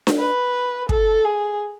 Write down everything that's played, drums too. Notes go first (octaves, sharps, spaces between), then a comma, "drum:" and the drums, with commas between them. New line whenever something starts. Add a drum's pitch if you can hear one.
drum: snare D4
B4
A4, drum: kick
G#4